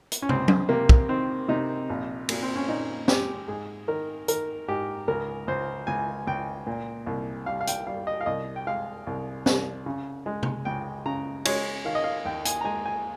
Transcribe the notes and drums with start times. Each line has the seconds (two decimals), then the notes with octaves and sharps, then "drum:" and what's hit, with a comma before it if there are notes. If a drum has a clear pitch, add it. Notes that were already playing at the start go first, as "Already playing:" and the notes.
0.12 drum: hi-hat
0.22 C#4
0.29 C#2 C4, drum: tom
0.48 drum: tom F#3
0.69 C3 A#3
0.89 drum: kick
1.09 D#3 C4
1.48 C3 D#4
1.90 A#1
2.29 A#2, drum: cymbal
2.43 C4
2.56 C#4
2.68 A#2 D#4
3.08 G#3 G4, drum: snare
3.48 G#2 G#4
3.88 D#3 A#4
4.28 D#3 A#4, drum: hi-hat
4.68 G#2 G4
5.08 C#2 A#4
5.47 C#2 C5
5.87 C#2 G#5
6.27 C#2 G5
6.67 A#2
7.06 C2
7.46 G3 F5
7.61 F5
7.67 G5, drum: hi-hat
7.87 G3 F5
8.07 D#5
8.21 F5
8.26 C2 D#5
8.56 G5
8.67 G#3 F5
9.07 C2
9.46 C2, drum: snare
9.86 C#3
10.26 G#3
10.43 drum: tom
10.65 C#2 G5
11.06 C#3 A#5
11.45 G#3 C#5, drum: cymbal
11.85 D#3 F5
11.95 D#5
12.04 F5
12.25 D#2 G5
12.45 G#5, drum: hi-hat
12.61 A#5
12.64 G#3 G#5
12.86 G#5